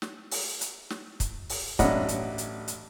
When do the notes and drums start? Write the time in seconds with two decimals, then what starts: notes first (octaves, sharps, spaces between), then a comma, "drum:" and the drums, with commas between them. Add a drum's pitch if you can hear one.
0.02 drum: snare
0.31 drum: open hi-hat
0.61 drum: hi-hat
0.90 drum: snare
1.20 drum: kick, hi-hat
1.49 drum: open hi-hat
1.79 A1 F#3 D4 D#5 F#5 B5, drum: kick, hi-hat
2.09 drum: hi-hat
2.38 drum: hi-hat
2.68 drum: hi-hat